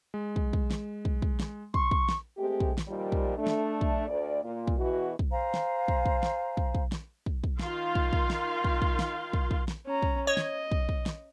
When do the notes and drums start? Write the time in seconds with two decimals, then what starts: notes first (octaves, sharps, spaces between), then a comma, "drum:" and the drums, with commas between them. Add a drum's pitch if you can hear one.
0.14 G#3
0.36 drum: kick
0.53 drum: kick
0.71 drum: snare
1.05 drum: kick
1.22 drum: kick
1.40 drum: snare
1.74 C6 C#6, drum: kick
1.91 drum: kick
2.09 drum: snare
2.37 G#3 A3 C4 G4
2.60 drum: kick
2.78 drum: snare
2.88 A#2 D#3 F3 G3
3.12 drum: kick
3.38 A3 D4
3.47 drum: snare
3.81 drum: kick
4.07 D2 D5
4.43 A#2
4.67 drum: kick
4.78 E2 B2 E3 F#4
5.19 drum: kick
5.31 C5 F5 G#5 A#5
5.54 drum: snare
5.88 drum: kick
6.06 drum: kick
6.23 drum: snare
6.57 drum: kick
6.75 drum: kick
6.92 drum: snare
7.26 drum: kick
7.44 drum: kick
7.59 D#3 F4 F5 C6, drum: snare
7.95 drum: kick
8.13 drum: kick
8.30 drum: snare
8.64 drum: kick
8.82 drum: kick
8.99 drum: snare
9.33 drum: kick
9.51 drum: kick
9.68 drum: snare
9.86 C#4 A#5
10.02 drum: kick
10.27 C#5 D#5
10.37 drum: snare
10.71 drum: kick
10.89 drum: kick
11.06 drum: snare